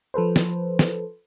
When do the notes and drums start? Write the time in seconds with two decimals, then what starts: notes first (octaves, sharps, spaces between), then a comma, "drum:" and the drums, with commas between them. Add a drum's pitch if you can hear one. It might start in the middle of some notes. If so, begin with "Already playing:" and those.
0.14 F3 A4 B4 C5
0.36 drum: snare
0.79 drum: snare